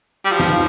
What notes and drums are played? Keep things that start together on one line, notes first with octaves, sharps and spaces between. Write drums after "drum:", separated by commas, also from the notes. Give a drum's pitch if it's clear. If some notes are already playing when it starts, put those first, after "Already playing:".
G3
F3 G4
F4, drum: snare
D#4